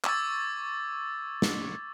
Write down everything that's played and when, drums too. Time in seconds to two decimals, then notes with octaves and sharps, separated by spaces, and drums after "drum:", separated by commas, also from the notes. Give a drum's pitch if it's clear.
0.04 C#6 D6 E6 G#6 A6, drum: clap
1.42 drum: snare